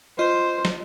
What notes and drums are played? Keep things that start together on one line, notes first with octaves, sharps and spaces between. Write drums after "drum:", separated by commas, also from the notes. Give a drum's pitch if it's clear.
F4 C5 D#5 C6
drum: snare